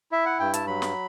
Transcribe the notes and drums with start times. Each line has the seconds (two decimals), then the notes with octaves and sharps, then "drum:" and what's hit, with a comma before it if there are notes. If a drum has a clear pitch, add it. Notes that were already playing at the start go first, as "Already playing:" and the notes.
0.12 E4 E5
0.26 F#5
0.40 G2 G5
0.54 A5, drum: hi-hat
0.67 F#3 B5
0.82 drum: snare